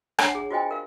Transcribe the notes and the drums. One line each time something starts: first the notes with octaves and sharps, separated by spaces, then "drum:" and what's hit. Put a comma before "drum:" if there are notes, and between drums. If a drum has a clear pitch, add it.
D4 C#5 F#5 A5, drum: rim click
G#4
F4 F#4 C5 D#5 G5 G#5
A#4 F5